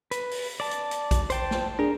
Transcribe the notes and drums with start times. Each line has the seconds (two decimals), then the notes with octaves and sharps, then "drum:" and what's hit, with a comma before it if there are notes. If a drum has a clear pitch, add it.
0.11 B4, drum: hi-hat
0.31 drum: open hi-hat
0.60 D5 A5
0.71 drum: hi-hat
0.91 drum: hi-hat
1.11 drum: kick A#1, hi-hat
1.30 C5 G5 A5, drum: hi-hat
1.51 drum: snare
1.79 D4 G#4 A#4